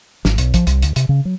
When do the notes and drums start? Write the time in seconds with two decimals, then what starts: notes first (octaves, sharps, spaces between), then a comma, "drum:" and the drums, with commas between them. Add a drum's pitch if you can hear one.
0.25 G#1, drum: snare
0.38 B1, drum: hi-hat
0.54 F3, drum: kick, hi-hat
0.67 C2, drum: hi-hat
0.82 D2, drum: hi-hat
0.96 C3, drum: hi-hat
1.09 C#3
1.25 F#3